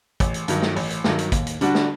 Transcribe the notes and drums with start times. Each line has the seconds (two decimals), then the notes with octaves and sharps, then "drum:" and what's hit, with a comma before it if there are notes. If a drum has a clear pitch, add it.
0.20 A1, drum: kick, hi-hat
0.34 drum: hi-hat
0.48 G2 D#3 F#3, drum: hi-hat
0.62 drum: snare
0.76 A1, drum: open hi-hat
0.90 drum: hi-hat
1.04 G2 D#3 F#3, drum: snare
1.18 drum: hi-hat
1.32 D#2, drum: kick, hi-hat
1.47 drum: hi-hat
1.61 D3 G3 D4 F#4, drum: hi-hat
1.75 drum: snare